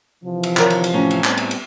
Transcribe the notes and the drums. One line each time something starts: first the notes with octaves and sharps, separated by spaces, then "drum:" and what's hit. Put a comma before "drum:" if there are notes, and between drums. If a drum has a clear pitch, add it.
C3 E3 F3
drum: cymbal
D#3 A#4 C#5, drum: clap
drum: cymbal
drum: cymbal
A2 C#4 A#5
drum: cymbal
G3 B3 C4, drum: clap
drum: cymbal
drum: cymbal